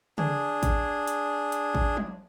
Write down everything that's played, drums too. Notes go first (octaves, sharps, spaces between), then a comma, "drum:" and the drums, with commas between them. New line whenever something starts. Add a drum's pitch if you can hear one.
D4 G#4, drum: tom C#3
drum: kick, hi-hat
drum: hi-hat
drum: hi-hat
drum: kick
drum: tom F3